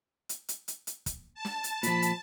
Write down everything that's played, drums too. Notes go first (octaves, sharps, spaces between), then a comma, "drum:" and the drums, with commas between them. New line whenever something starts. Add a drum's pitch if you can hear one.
drum: hi-hat
drum: hi-hat
drum: hi-hat
drum: hi-hat
drum: kick, hi-hat
A5
drum: snare
drum: hi-hat
A#2 F3 B5, drum: hi-hat
drum: hi-hat